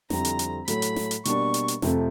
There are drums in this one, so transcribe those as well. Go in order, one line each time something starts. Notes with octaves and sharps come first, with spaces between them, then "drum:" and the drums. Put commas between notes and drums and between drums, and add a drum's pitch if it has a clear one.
F2 D3 G3 C4 E4 A#5, drum: snare
drum: hi-hat
drum: hi-hat
A2 F#3 A3 B5, drum: hi-hat
drum: hi-hat
drum: snare
drum: hi-hat
B2 G3 A#3 D4 C#6, drum: hi-hat
drum: hi-hat
drum: hi-hat
F2 C3 F3 A3, drum: snare